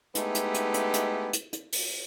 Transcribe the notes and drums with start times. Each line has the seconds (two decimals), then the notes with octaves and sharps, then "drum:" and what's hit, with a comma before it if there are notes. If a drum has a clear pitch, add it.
0.15 G#3 A3 B3 D#4 E4 G4, drum: hi-hat
0.35 drum: hi-hat
0.54 drum: hi-hat
0.74 drum: hi-hat
0.94 drum: hi-hat
1.33 drum: hi-hat
1.53 drum: hi-hat
1.73 drum: open hi-hat